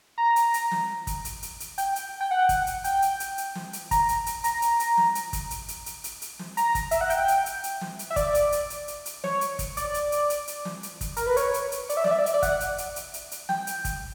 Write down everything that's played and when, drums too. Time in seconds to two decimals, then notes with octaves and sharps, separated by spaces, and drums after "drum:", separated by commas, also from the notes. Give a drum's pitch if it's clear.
0.18 A#5
0.36 drum: hi-hat
0.54 drum: hi-hat
0.71 drum: snare
1.07 drum: kick, hi-hat
1.25 drum: hi-hat
1.42 drum: hi-hat
1.60 drum: hi-hat
1.78 G5, drum: hi-hat
1.96 drum: hi-hat
2.20 G5
2.31 F#5
2.49 drum: kick, hi-hat
2.67 drum: hi-hat
2.84 G5, drum: hi-hat
3.02 drum: hi-hat
3.20 drum: hi-hat
3.38 drum: hi-hat
3.55 drum: snare
3.73 drum: hi-hat
3.91 A#5, drum: kick, hi-hat
4.09 drum: hi-hat
4.26 drum: hi-hat
4.44 A#5, drum: hi-hat
4.62 drum: hi-hat
4.80 drum: hi-hat
4.97 drum: snare
5.15 drum: hi-hat
5.33 drum: kick, hi-hat
5.51 drum: hi-hat
5.68 drum: hi-hat
5.86 drum: hi-hat
6.04 drum: hi-hat
6.22 drum: hi-hat
6.39 drum: snare
6.57 A#5, drum: hi-hat
6.75 drum: kick, hi-hat
6.91 E5, drum: hi-hat
7.01 F#5
7.10 G5, drum: hi-hat
7.28 drum: hi-hat
7.46 drum: hi-hat
7.64 drum: hi-hat
7.81 drum: snare
7.99 drum: hi-hat
8.10 E5
8.16 D5, drum: kick, hi-hat
8.35 drum: hi-hat
8.52 drum: hi-hat
8.70 drum: hi-hat
8.88 drum: hi-hat
9.06 drum: hi-hat
9.24 C#5, drum: snare
9.41 drum: hi-hat
9.59 drum: kick, hi-hat
9.77 D5, drum: hi-hat
9.94 drum: hi-hat
10.12 drum: hi-hat
10.30 drum: hi-hat
10.47 drum: hi-hat
10.65 drum: snare
10.83 drum: hi-hat
11.01 drum: kick, hi-hat
11.17 A#4, drum: hi-hat
11.27 B4
11.37 C#5, drum: hi-hat
11.54 drum: hi-hat
11.72 drum: hi-hat
11.89 D5, drum: hi-hat
11.97 E5
12.04 D5, drum: snare
12.11 E5
12.18 D5
12.26 E5, drum: hi-hat
12.34 D5
12.43 F#5, drum: kick, hi-hat
12.60 drum: hi-hat
12.78 drum: hi-hat
12.96 drum: hi-hat
13.14 drum: hi-hat
13.31 drum: hi-hat
13.49 G5, drum: snare
13.67 drum: hi-hat
13.85 drum: kick, hi-hat